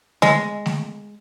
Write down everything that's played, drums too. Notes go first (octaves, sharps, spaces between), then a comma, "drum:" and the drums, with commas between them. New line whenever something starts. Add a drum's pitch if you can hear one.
G#3, drum: snare A3
drum: snare A3